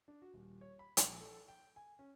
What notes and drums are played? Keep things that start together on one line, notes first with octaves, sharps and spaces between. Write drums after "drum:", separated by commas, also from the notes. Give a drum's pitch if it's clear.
D4
F#4
D#1
C#5
B5
A#1, drum: hi-hat
A4
G5
G#5
C#4